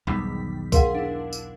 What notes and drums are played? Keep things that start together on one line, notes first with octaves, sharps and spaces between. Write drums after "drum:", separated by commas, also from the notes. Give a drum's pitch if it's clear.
B1 E2 G#2 D#3 G3 B5 B6
G#4 A#4 F5 F#5 C6, drum: kick C2, tambourine
D4 E4
drum: tambourine